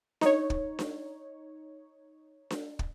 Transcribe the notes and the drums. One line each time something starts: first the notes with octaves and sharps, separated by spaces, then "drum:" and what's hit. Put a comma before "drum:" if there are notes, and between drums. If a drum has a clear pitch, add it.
D#4 C#5, drum: snare D4
drum: kick
drum: snare D4
drum: snare D4
drum: kick